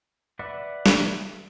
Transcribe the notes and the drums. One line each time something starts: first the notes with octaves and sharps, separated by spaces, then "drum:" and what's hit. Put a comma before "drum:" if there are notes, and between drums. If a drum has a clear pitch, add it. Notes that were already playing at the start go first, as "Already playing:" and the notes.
B4 D5 E5 F#5
drum: snare